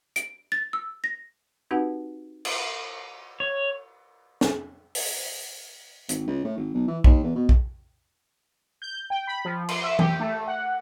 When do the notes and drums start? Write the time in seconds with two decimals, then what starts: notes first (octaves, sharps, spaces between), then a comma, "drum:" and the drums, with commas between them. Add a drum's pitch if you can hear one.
0.16 D7, drum: hi-hat
0.52 A6
0.73 E6
1.04 A#6
1.71 C4 D#4 F#4 G4 B4 F#5
2.45 drum: cymbal
3.40 C#5
4.41 drum: snare
4.95 drum: open hi-hat
6.09 G#1, drum: hi-hat
6.27 C#2
6.45 A2
6.57 G#1
6.74 B1
6.88 E3
7.04 D#2, drum: kick
7.23 E2
7.36 B2
7.49 drum: kick
8.82 G6
9.10 G5
9.27 B5
9.45 F3
9.69 C6, drum: cymbal
9.83 E5
9.99 G4, drum: tom E3
10.20 A3
10.47 F#5